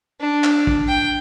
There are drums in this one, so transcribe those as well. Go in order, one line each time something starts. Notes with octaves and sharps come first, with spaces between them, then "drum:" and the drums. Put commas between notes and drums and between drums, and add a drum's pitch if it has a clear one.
D4
drum: clap
drum: kick
G5